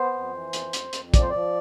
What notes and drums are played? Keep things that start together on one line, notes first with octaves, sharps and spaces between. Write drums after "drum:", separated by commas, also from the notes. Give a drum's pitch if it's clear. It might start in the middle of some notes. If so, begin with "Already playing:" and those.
Already playing: B3 C5
F2
E3
F2, drum: hi-hat
F2, drum: hi-hat
F2, drum: hi-hat
F3 D5, drum: kick, hi-hat
C5
F3 D5